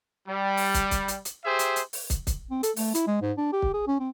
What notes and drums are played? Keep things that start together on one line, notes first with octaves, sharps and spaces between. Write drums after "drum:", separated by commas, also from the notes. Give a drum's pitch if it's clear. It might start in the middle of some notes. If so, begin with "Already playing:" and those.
G3
drum: open hi-hat
drum: kick, hi-hat
drum: kick, hi-hat
drum: hi-hat
drum: hi-hat
G4 G#4 C5 E5
drum: hi-hat
drum: hi-hat
drum: open hi-hat
drum: kick, hi-hat
drum: kick, hi-hat
C4
A4, drum: hi-hat
A3, drum: open hi-hat
E4, drum: hi-hat
G#3
G#2
D4
G4
drum: kick
G#4
C#4
C4